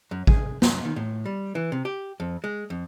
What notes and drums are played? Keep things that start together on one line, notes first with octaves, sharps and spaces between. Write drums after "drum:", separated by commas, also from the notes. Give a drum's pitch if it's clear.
F#2
G#4, drum: kick
F#2, drum: snare
D#3
A2
G3
E3
C3
G4
F2
G#3
F2